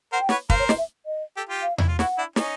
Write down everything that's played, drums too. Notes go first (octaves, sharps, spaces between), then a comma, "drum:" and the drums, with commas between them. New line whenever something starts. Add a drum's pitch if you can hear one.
A#4 C5 F#5
G5
B4 C#5 F#5, drum: snare
A#4 C5 F5, drum: kick
C#5
D#5, drum: snare
E5
D#5
G4 A4
F4 G4
F5
E4, drum: tom E2
F4
E4 F#4 F#5, drum: snare
D4 E4
C#4 D#4, drum: snare